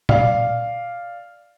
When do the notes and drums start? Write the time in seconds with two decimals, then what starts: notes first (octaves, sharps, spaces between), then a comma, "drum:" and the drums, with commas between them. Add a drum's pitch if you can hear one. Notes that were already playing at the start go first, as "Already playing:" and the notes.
0.09 D5 F5, drum: tom A#2